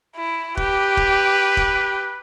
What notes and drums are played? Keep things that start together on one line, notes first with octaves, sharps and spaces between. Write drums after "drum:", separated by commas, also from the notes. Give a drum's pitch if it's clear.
E4
G4 B4, drum: kick
drum: kick
drum: kick